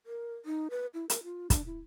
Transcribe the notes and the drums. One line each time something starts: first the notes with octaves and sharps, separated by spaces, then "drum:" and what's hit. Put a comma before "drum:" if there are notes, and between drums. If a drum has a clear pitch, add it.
A#4
D#4
B4
E4
A#4, drum: hi-hat
F4
D4, drum: kick, hi-hat
E4